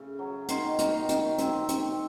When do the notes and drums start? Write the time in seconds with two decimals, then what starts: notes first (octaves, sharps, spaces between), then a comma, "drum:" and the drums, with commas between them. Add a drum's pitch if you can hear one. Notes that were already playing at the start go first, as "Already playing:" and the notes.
Already playing: C#3 A3
0.19 F#3
0.49 D#3 C6, drum: hi-hat
0.79 D#3 C#6, drum: hi-hat
1.09 D#3, drum: hi-hat
1.38 C4, drum: hi-hat
1.69 C4 C#6, drum: hi-hat